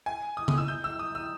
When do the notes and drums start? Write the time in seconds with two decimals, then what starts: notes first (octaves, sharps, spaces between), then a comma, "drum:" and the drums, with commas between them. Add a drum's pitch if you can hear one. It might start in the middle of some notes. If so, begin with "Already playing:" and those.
0.06 G#5
0.37 D#6
0.48 D#6, drum: tom C#3
0.58 E6
0.68 G6
0.84 E6
0.99 D#6
1.15 E6